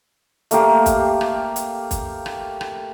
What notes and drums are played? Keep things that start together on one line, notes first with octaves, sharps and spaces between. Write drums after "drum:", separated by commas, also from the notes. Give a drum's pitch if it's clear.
A3 A#3 G4 F5, drum: hi-hat
drum: kick, hi-hat
drum: rim click
drum: hi-hat
drum: kick, hi-hat
drum: rim click
drum: rim click